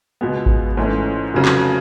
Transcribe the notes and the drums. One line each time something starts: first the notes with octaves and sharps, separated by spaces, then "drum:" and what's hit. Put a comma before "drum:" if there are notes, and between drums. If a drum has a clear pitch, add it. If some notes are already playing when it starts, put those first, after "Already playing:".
C#2 B2 G#3 B3
drum: kick G#1
G#2 E3 A3 C#4
F1 F2 C#3 F#3
drum: clap